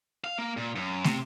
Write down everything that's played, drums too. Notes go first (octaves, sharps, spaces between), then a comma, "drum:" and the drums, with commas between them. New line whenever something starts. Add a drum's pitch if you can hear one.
F5
A#3
A#2
F#2
C3, drum: snare